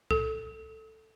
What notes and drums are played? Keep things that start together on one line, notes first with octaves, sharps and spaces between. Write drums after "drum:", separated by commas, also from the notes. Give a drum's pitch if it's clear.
A4, drum: kick C2